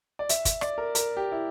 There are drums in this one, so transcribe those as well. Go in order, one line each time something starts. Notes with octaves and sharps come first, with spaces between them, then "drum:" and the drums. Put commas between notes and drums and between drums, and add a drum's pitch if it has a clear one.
D5
E5, drum: hi-hat
drum: kick, hi-hat
D5, drum: rim click
A#4
A#4, drum: hi-hat
G4
E4